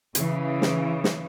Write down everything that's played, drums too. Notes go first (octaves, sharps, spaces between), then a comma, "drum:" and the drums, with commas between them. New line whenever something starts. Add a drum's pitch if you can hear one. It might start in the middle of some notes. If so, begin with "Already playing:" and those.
C#3 E3, drum: hi-hat
drum: snare
drum: snare